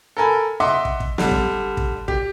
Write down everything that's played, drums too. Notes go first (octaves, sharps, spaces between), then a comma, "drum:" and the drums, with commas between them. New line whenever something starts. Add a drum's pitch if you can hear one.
A4 A#4 G#5 B5
D#5 E5 F#5 C6 D6
drum: kick
drum: kick
D3 G3, drum: snare
drum: kick
drum: kick
G4, drum: kick